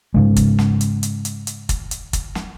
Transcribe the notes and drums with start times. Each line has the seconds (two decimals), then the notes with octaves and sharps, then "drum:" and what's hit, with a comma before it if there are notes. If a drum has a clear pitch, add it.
0.14 G#2 C#3 G#3
0.36 drum: kick, hi-hat
0.59 drum: snare
0.81 drum: hi-hat
1.03 drum: hi-hat
1.25 drum: hi-hat
1.47 drum: hi-hat
1.69 drum: kick, hi-hat
1.91 drum: hi-hat
2.13 drum: kick, hi-hat
2.35 drum: snare